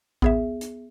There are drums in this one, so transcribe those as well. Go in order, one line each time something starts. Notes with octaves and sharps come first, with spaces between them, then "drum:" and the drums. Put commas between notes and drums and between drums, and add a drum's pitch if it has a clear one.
B3 G#4 E5, drum: kick A1
drum: hi-hat